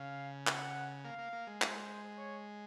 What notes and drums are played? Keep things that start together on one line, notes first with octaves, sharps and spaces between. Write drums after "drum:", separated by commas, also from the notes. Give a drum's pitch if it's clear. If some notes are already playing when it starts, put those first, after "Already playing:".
Already playing: C#3 F5
F#5, drum: clap
A#3 F5
A#3
A#3
G#3
C5, drum: clap
C#5